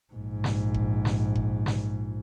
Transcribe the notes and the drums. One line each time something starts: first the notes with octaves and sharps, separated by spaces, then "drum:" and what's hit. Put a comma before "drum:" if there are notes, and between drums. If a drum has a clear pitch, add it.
A#1 G#2
drum: snare
drum: kick F#1
drum: snare
drum: kick F#1
drum: snare